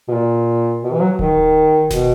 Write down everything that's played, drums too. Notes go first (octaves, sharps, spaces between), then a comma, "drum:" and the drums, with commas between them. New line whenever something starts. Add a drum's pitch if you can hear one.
B2
A#2
B2
E3
F#3
D#3, drum: kick D1
B2, drum: snare E1